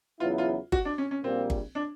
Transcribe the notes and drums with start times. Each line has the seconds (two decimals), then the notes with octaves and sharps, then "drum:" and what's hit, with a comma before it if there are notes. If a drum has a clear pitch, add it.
0.20 E2 C#3 F#3 B3 E4 F4
0.38 F4
0.72 F#4, drum: kick G1
0.85 D4
0.98 C#4
1.11 C#4
1.23 A#1 A#2 G3 A#3 C4
1.50 drum: kick G1
1.75 D4